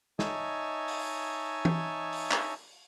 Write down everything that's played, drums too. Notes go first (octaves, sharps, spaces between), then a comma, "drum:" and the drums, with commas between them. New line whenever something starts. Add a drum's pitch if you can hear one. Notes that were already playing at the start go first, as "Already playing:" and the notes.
D#4 C#5 D#5 E5 G#5 A5, drum: snare
drum: open hi-hat
drum: tom E3
drum: open hi-hat
drum: clap